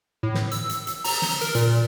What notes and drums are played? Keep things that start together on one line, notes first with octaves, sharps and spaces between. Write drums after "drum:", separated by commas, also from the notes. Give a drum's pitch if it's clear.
A2
drum: snare
E6, drum: hi-hat
drum: hi-hat
drum: hi-hat
A#5, drum: open hi-hat
drum: snare
A#4, drum: hi-hat
A#2, drum: hi-hat